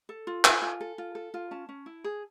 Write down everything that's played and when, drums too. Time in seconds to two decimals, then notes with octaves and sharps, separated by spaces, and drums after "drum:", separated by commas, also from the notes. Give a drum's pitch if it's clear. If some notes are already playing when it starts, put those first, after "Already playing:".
0.09 A4
0.27 F4
0.44 A4 G#5, drum: clap
0.62 F4
0.81 A4
0.98 F4
1.15 A4
1.34 F4
1.51 C#4 A5
1.69 C#4
1.86 E4
2.04 G#4